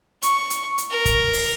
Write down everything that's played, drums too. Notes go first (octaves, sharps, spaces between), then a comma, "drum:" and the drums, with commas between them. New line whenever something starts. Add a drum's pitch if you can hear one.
C#6, drum: hi-hat
drum: hi-hat
drum: hi-hat
A#4
drum: kick, hi-hat
drum: open hi-hat